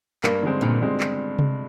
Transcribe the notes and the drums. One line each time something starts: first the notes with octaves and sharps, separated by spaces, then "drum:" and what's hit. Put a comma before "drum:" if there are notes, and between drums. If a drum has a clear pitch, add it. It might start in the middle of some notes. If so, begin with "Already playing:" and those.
G2 A#3, drum: clap
D3 G#3 C4
G2 A#2
D3 G#3 C4
drum: clap
drum: tom C3